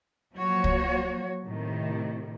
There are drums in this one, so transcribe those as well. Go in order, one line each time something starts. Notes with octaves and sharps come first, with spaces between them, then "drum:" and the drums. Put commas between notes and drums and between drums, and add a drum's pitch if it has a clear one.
F3 F#3 A#3 F#4 C#5
drum: kick
A2 C3 D#3